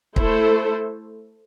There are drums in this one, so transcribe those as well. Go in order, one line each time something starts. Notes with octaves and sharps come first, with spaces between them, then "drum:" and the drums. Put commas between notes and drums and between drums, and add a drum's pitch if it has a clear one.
A3 E4 A4 C5, drum: kick